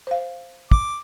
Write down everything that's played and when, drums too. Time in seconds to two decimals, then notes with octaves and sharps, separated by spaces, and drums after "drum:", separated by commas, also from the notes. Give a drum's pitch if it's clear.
0.07 C5 F5
0.71 D6, drum: kick